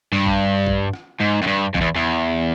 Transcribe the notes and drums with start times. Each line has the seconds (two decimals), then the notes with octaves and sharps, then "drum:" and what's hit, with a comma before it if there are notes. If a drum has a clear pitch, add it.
0.12 G2
0.26 drum: kick
0.67 drum: kick
0.93 drum: rim click
1.20 G#2
1.42 F#2
1.47 G2
1.74 F2, drum: kick
1.81 E2
1.96 E2